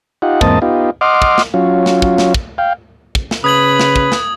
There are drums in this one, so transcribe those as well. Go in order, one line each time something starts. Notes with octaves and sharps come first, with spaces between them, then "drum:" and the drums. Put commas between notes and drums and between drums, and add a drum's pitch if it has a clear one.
D#4 F4 G4 F#5
E2 G#2 A#3 C4 D#5 A5, drum: kick
B3 D#4 F4 G4
D#5 F#5 C6 D6 F6
drum: kick
drum: snare
F#3 C#4 F4
drum: snare
drum: kick
drum: snare
drum: kick
F5 G5
drum: kick
drum: snare
C#3 B4 D#6 G#6 F#7
drum: snare
drum: kick
drum: snare